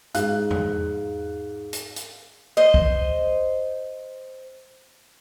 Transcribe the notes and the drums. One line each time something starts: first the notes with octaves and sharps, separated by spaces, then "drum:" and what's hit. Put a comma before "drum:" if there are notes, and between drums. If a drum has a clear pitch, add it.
G#2 F5 F#6, drum: hi-hat
drum: tom E2
drum: hi-hat
drum: hi-hat
C5 D#5
drum: kick